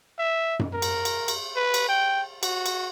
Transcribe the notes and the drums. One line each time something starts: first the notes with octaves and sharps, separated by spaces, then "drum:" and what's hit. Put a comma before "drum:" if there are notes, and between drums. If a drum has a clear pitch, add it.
E5
drum: tom F#2
A#4
drum: cymbal
drum: cymbal
drum: cymbal
B4
drum: cymbal
G5
F#4, drum: cymbal
drum: cymbal